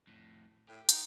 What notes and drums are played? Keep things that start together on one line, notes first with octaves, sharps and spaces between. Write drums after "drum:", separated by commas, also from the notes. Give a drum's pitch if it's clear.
F2 A2
A2 G4
D#4, drum: hi-hat